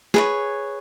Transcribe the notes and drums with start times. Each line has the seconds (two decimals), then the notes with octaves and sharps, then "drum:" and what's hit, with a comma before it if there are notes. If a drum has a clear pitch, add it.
0.14 G#4 B4 C#5, drum: snare